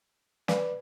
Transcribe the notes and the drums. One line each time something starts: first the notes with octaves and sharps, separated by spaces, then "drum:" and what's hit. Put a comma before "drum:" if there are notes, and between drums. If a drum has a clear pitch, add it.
B4 D5, drum: snare